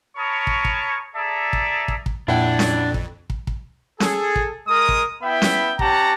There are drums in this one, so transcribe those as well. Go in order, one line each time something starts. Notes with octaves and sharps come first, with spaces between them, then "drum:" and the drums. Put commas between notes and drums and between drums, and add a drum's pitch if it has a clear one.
A#4 C#5 A5 B5 C#6 D#6
drum: kick
drum: kick
G#4 A4 D5 E5 A5 A#5
drum: kick
drum: kick
drum: kick
F2 A#2 D4 E4 F#5 G5
drum: snare C#4
drum: kick
drum: kick
drum: kick
G#4 A4, drum: snare C#4
drum: kick
G#3 A#4 D#6
drum: kick
B3 E4 E5 G5 B5
drum: snare C#4
C#4 G4 F#5 A5 A#5, drum: kick